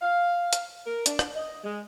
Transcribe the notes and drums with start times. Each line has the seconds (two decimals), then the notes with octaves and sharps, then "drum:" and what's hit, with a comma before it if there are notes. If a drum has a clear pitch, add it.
0.02 F5
0.53 drum: hi-hat
0.86 A#4
1.06 D4, drum: hi-hat
1.19 drum: rim click
1.36 D#5
1.64 G#3